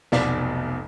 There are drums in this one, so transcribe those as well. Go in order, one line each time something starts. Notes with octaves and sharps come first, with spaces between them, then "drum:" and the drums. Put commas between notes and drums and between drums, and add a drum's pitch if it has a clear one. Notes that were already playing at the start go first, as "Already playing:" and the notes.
F1 B1 B2 D5 B6, drum: snare